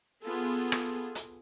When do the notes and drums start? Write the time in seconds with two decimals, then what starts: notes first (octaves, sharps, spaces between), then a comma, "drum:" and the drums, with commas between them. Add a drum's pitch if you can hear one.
0.22 B3 F4 G#4 A4
0.72 drum: rim click
1.15 drum: hi-hat